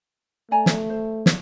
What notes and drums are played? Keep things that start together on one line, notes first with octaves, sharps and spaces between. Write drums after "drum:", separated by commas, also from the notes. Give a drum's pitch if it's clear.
A3 D5 G#5 A#5
drum: snare
C5
drum: snare